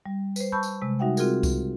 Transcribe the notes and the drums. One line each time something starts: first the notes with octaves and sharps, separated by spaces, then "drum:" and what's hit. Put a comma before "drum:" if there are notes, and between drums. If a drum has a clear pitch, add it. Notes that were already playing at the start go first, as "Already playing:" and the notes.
G3
B4 C5, drum: tambourine
A5 B5 C#6 E6 G6
drum: tambourine
C3 G#3
G3 D#4 F#4 E5 F#5 G5
C4 F4 F#4 G#4 A#4, drum: tambourine
drum: kick C2, tambourine